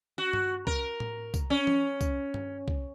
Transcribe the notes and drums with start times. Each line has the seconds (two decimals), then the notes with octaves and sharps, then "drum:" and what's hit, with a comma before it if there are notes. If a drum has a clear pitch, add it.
0.18 F#4
0.33 drum: tom G2
0.67 A#4, drum: kick C2
1.00 drum: tom A2
1.34 drum: kick C2, tambourine
1.50 C#4
1.67 drum: tom E3
2.01 drum: kick C2, tambourine
2.34 drum: tom G2
2.68 drum: kick C2